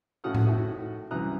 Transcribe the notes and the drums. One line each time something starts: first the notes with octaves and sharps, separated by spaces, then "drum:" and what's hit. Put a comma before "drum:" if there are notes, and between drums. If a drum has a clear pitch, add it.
A2 C#3 F#4 F#5 D#6 F6
drum: tom A2
A2 D#3 F#4 E5 D#6
C2 F#2 E3 A#5 D#6 F#6